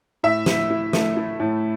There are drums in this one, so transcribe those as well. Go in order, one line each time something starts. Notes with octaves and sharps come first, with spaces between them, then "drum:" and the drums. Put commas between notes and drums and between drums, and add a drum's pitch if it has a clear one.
A2 E5
E4, drum: snare
E4
A3, drum: snare
E4
A2